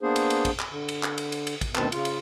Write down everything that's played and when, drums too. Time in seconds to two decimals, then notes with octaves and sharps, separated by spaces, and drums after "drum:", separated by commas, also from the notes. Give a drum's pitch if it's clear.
0.01 A#3 B3 D4 G#4 C5
0.16 drum: cymbal
0.30 drum: cymbal
0.45 drum: kick, cymbal
0.59 drum: clap
0.71 D3
0.89 drum: cymbal
1.03 drum: clap
1.18 drum: cymbal
1.32 drum: cymbal
1.47 drum: cymbal
1.61 drum: kick, cymbal
1.75 D2 B2 D#3 C4 B4 A5, drum: clap
1.92 C#3 F4, drum: cymbal
2.05 drum: cymbal